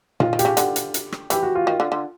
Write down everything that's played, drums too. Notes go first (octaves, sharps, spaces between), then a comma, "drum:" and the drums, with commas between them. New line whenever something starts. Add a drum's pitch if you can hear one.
D#3 F4, drum: tom A#2
D#3
G4, drum: hi-hat
C#3
D3 G4, drum: hi-hat
drum: hi-hat
drum: hi-hat
drum: rim click
E3 G4, drum: hi-hat
F#4
F4
D#3
D3
D3